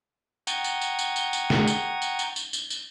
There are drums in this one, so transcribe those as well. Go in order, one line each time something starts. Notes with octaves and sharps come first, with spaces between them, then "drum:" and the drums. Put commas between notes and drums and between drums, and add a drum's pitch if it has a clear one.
F#5 G5 A#5 C#6 D#6 G#6, drum: tambourine
drum: tambourine
drum: tambourine
drum: tambourine
drum: tambourine
drum: tambourine
drum: snare
drum: tambourine
drum: tambourine
drum: tambourine
drum: tambourine
drum: tambourine
drum: tambourine